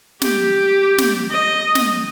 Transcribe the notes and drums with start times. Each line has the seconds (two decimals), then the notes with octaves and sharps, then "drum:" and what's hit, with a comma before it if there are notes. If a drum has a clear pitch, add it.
0.22 G4, drum: snare
0.98 drum: snare
1.31 D#5
1.75 drum: snare